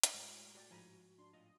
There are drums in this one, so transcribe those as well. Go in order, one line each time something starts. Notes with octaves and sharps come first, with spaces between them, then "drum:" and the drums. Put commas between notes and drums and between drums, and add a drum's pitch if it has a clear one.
drum: hi-hat
A2 G#3 F#4
F#4 G4 D5
G#2 F3 G#5 A#5 B5
D4 C6
A2 F4 D#5